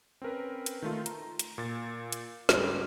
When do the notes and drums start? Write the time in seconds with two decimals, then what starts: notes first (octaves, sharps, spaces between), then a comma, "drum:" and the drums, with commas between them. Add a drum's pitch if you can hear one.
0.22 C4 C#4 A#4 B4
0.66 drum: hi-hat
0.82 D#3 A3 F4
1.06 A#5, drum: hi-hat
1.39 drum: hi-hat
1.58 A#2 A6
2.12 drum: hi-hat
2.49 D2 G#2 G3 C#4, drum: snare